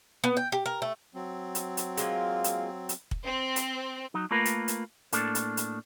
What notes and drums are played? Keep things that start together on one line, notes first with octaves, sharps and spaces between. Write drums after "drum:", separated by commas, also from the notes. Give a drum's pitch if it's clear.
B3
G5
G4
A#4
A3
F#3 C4
drum: hi-hat
drum: hi-hat
G#3 A#3 F4 F5, drum: hi-hat
drum: hi-hat
drum: hi-hat
drum: kick
C4
drum: hi-hat
F#3 D#4
A3 A#3 F4 A#4 B4
drum: hi-hat
drum: hi-hat
A2 A#3 D4 A4, drum: hi-hat
drum: hi-hat
drum: hi-hat